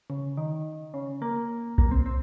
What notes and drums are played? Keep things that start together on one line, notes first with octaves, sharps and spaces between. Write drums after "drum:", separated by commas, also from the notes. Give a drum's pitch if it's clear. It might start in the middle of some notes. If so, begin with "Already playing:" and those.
C#3
D#3
C#3
A#3
A#3, drum: kick B1
C4
C4